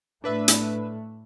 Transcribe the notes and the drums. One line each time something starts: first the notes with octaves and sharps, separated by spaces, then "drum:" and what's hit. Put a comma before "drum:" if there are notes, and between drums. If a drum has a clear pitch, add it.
A2 A3 D4 B4 E5
drum: hi-hat